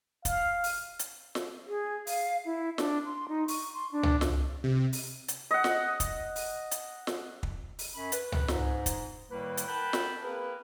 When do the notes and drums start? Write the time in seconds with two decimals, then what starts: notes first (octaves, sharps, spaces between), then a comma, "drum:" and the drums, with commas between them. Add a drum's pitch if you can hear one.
0.25 F5, drum: kick, hi-hat
0.64 drum: open hi-hat
0.99 drum: hi-hat
1.35 drum: snare
1.68 G#4
2.07 F5, drum: open hi-hat
2.45 E4
2.78 D4, drum: snare
3.05 C6
3.29 D#4
3.48 C#6, drum: open hi-hat
3.74 C6
3.92 D4
4.03 drum: tom C#2
4.21 drum: snare
4.64 C3
4.93 drum: open hi-hat
5.28 drum: hi-hat
5.51 D#5 F#5
5.64 drum: snare
6.00 drum: kick, hi-hat
6.36 drum: open hi-hat
6.71 drum: hi-hat
7.07 drum: snare
7.43 drum: kick
7.79 drum: open hi-hat
7.94 F#2 B5
8.12 B4, drum: hi-hat
8.32 drum: tom C#2
8.48 G#2, drum: snare
8.86 drum: kick, hi-hat
9.30 A2 D#3 G3 A#3 B4
9.57 drum: hi-hat
9.67 A#4 B4 F#5 G5 A5 B5
9.93 drum: snare
10.22 A#3 C4 G#4 A#4 B4